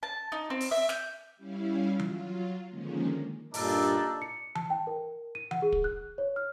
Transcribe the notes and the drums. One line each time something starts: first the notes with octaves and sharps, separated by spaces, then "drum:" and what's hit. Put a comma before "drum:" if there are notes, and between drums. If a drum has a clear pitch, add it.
A5
D#4
C4
drum: open hi-hat
E5
G6, drum: snare
G3 C#4 E4 F5
F#3 F4, drum: tom E3
D3 D#3 F3 G#3 A#3 C#4
G2 A#2 D4 D#4 A4, drum: open hi-hat
C#7
A5, drum: tom E3
G5
A#4
D#7
F#5, drum: tom E3
G#4
drum: kick
F#6
C#5
F6